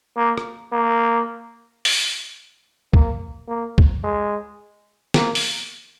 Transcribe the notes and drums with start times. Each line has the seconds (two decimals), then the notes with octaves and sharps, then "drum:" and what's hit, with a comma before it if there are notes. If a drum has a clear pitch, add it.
0.17 A#3
0.38 drum: rim click
0.72 A#3
1.85 drum: open hi-hat
2.93 A#3, drum: kick
3.48 A#3
3.78 drum: kick
4.04 G#3
5.14 A#3, drum: snare
5.35 drum: open hi-hat